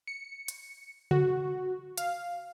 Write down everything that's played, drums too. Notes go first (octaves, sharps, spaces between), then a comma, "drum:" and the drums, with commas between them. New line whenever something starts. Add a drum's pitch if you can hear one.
C#7
drum: hi-hat
F#4, drum: tom C#3
F5, drum: hi-hat